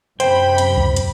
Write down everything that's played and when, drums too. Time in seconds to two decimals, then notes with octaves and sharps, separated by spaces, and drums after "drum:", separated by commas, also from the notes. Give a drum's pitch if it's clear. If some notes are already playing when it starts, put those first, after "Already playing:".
0.20 F#2 C3 C5 G5 B5, drum: hi-hat
0.58 drum: hi-hat
0.77 drum: kick
0.96 drum: hi-hat